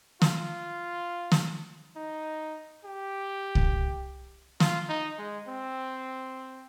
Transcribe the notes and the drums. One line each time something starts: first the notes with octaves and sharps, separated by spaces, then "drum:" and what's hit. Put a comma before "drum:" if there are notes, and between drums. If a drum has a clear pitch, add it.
F4, drum: snare
drum: snare
D#4
G4
drum: kick
F4, drum: snare
D#4
G#3
C4